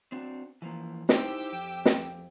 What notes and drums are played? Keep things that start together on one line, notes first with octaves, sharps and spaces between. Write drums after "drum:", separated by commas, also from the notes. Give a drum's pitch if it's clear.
C4 D4 F#4
E3 F3 A#3
D#4 E4 G4 C5 G5 E6, drum: snare
F2
drum: snare